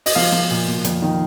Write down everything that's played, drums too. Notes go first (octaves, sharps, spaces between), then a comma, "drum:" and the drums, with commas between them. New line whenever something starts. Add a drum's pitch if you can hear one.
D#5, drum: open hi-hat
F3 F5
F3
A#2
A#2
F2, drum: hi-hat
D#3